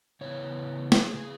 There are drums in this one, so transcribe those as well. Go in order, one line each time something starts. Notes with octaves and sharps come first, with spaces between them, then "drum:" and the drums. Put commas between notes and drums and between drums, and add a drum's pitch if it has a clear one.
C#3 E3 B3 C#5
B4, drum: snare
G#4
G#4